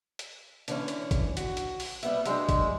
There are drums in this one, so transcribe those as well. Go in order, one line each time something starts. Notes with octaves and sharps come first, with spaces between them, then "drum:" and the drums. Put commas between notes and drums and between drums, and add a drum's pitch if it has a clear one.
drum: hi-hat
D3 E3 C#4, drum: hi-hat
drum: hi-hat
drum: kick, hi-hat
F#4, drum: hi-hat
drum: hi-hat
drum: open hi-hat
G3 B3 E5, drum: hi-hat
F#3 G#3 D4 G4, drum: hi-hat
drum: kick, hi-hat